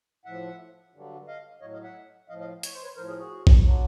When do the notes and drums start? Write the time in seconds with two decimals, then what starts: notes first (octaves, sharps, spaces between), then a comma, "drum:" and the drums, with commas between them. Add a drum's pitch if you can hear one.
0.25 A2 F3 E5 F#5
0.93 G2 D3 F#3
1.27 D#5 F5
1.61 A2 F#3 C#5 D#5
1.73 D#5 F5
1.83 E5 F#5
2.29 A2 F3 D#5 F5
2.40 D#5 F5
2.63 C#5, drum: hi-hat
2.74 C5
2.83 B4 C#5
2.97 A2 F3 A#4 C5
3.08 G#4 A#4
3.19 F#4 G#4
3.47 drum: kick A#1
3.64 D3 F#3